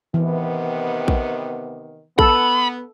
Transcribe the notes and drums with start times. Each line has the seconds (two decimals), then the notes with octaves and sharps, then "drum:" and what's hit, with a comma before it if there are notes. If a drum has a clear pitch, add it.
0.14 C3 D#3 E3 B3
1.08 drum: kick
2.19 B3 A4 B5, drum: kick